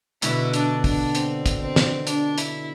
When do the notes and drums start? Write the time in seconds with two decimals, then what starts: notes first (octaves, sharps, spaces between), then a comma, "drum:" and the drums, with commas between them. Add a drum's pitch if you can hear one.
0.22 B2 D3 E4, drum: hi-hat
0.53 D4, drum: hi-hat
0.84 D4, drum: kick, open hi-hat
1.15 C4, drum: hi-hat
1.46 drum: kick, hi-hat
1.61 C4
1.76 drum: snare
2.07 D4, drum: hi-hat
2.38 E4, drum: hi-hat